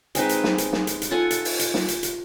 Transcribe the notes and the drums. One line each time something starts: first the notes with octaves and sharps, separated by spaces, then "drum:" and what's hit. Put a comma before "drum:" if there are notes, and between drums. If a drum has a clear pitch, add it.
G#3 C4 D#4 B4, drum: hi-hat
drum: hi-hat
drum: snare
drum: hi-hat
drum: snare
drum: hi-hat
drum: hi-hat
F4 A4 F#5 G#5
drum: hi-hat
drum: open hi-hat
drum: hi-hat
drum: snare
drum: hi-hat
drum: hi-hat